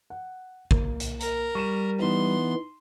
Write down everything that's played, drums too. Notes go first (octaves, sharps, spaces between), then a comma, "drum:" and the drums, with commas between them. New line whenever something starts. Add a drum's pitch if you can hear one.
F#5
A#3, drum: kick G#1
drum: hi-hat
A#4, drum: hi-hat
G3 C#6 D#7 E7
E3 B3 D#4 C6